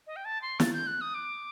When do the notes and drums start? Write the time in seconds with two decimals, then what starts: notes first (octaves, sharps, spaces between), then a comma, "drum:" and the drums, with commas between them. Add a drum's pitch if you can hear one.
0.07 D#5
0.16 G5
0.25 A5
0.42 C6
0.60 A6, drum: snare
0.73 G6
0.87 F#6
1.01 D#6
1.14 D6